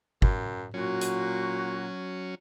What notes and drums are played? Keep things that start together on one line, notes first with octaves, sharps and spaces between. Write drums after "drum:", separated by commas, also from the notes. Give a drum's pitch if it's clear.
F#2, drum: kick
A#2 F#3 C#4 F#4
drum: hi-hat